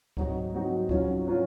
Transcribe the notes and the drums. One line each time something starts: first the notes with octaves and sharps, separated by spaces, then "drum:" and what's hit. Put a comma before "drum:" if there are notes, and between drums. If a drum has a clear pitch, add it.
G#2 F#3 C4 D#4 F#4, drum: kick C#2
G#2 F#3 C4 D#4 F#4
G#2 F#3 C#4 F4, drum: kick C#2
F#3 C#4 F4